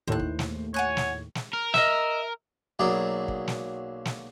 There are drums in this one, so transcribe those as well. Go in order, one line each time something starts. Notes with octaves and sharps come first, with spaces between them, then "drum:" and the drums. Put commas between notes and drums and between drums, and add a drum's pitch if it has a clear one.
D#2 A2 C5 F#6
drum: kick
drum: snare
C#5 F#5 G#5 F#6
drum: snare
drum: snare
A#4
D#5 E5, drum: snare
B1 F#3 A#3 G#4 D5
drum: kick
drum: snare
drum: snare